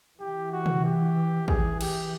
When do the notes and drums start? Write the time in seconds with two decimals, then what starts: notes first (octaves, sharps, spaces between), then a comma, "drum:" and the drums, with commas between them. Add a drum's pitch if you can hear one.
0.21 E3 G4
0.52 F#4
0.66 drum: tom C3
0.85 G4
1.48 E3 G#4, drum: kick
1.81 G4, drum: cymbal